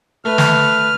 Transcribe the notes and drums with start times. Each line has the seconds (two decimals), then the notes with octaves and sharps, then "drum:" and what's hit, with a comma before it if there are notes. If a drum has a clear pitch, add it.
0.25 A3 B4 F6
0.38 drum: snare